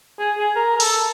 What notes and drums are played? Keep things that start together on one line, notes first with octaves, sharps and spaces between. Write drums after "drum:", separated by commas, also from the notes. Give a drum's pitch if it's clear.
G#4
G#4
A#4
A#4
A4, drum: open hi-hat